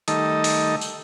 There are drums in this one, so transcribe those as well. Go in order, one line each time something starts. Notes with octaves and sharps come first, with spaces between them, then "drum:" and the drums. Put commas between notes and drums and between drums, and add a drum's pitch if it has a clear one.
D#3 G3 A3 D#4 A4 D#5, drum: hi-hat
drum: open hi-hat
drum: tambourine